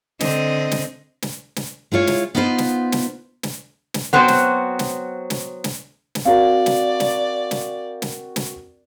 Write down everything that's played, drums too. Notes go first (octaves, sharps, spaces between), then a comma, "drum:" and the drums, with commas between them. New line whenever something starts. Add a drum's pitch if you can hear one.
D3 C4 D#5, drum: snare
drum: snare
drum: snare
drum: snare
G#3 E4 F4 C#5
drum: snare
B3 D#4 F4 B4 C5
drum: snare
drum: snare
drum: snare
drum: snare
F#3 B3 C4 F#4 C5
drum: snare
drum: snare
drum: snare
drum: snare
drum: snare
C4 F#4 A#4 D5 F5
drum: snare
drum: snare
drum: snare
drum: snare
drum: snare